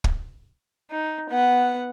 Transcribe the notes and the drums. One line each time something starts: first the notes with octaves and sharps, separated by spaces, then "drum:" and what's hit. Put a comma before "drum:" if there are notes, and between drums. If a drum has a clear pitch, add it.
drum: kick
D#4
B3 F#5